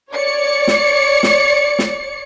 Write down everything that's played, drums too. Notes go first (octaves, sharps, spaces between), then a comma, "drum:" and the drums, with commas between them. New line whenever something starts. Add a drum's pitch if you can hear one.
C#5 D5 C#7
drum: snare
drum: snare
drum: snare